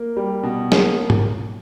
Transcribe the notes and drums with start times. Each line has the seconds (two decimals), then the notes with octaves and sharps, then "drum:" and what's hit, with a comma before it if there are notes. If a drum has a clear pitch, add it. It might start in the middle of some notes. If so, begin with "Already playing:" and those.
Already playing: A#3
0.17 G3
0.43 B2
0.72 A#3, drum: snare
1.10 drum: tom